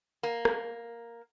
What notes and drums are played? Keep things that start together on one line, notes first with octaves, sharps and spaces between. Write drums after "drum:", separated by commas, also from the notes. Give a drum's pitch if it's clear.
A#3
drum: rim click